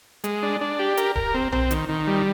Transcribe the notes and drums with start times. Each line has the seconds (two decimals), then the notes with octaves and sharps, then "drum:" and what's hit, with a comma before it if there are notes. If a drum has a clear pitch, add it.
0.24 G#3, drum: hi-hat
0.43 D4
0.61 D4
0.79 G4
0.97 A#4, drum: hi-hat
1.16 A#4, drum: kick D1
1.34 C4
1.52 C4, drum: tom B1
1.71 D#3, drum: hi-hat
1.89 D#3
2.07 G3